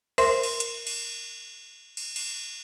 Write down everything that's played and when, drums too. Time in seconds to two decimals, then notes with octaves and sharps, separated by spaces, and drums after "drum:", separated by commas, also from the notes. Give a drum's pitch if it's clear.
0.18 A#4 C5 E5 C6, drum: cymbal
0.43 drum: cymbal
0.60 drum: hi-hat
0.87 drum: cymbal
1.97 drum: cymbal
2.16 drum: cymbal